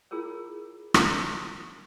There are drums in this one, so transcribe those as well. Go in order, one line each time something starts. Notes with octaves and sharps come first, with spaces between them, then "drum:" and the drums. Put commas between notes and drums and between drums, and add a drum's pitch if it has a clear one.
E4 F4 G#4 A#4 C#5
drum: rim click